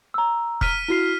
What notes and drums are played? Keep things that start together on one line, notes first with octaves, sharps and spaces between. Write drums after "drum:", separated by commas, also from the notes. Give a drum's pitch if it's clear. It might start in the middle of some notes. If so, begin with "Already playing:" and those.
A#5 E6
F6 B6 D#7, drum: kick F1
E4 F#4 C7